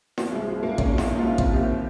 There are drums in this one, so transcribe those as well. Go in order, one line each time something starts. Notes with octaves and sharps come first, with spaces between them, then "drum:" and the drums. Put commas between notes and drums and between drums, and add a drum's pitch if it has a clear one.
F3 A#3, drum: snare E4
C2 G#3
F3 G#3
A#2 A#3
A#3 C#4, drum: kick A1
F3
D#4, drum: snare E4
A#3
F4
C2
C4 F4, drum: kick A1
D#2 G4